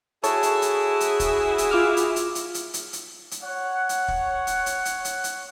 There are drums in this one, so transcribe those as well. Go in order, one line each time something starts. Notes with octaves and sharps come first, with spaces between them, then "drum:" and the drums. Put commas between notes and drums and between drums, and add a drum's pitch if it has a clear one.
E4 F#4 G#4 A4 C#5 A5, drum: hi-hat
drum: hi-hat
drum: hi-hat
drum: hi-hat
drum: kick, hi-hat
drum: hi-hat
F4 D6 F6
drum: hi-hat
drum: hi-hat
drum: hi-hat
drum: hi-hat
drum: hi-hat
drum: hi-hat
drum: hi-hat
C#5 F#5
drum: hi-hat
drum: kick
drum: hi-hat
drum: hi-hat
drum: hi-hat
drum: hi-hat
drum: hi-hat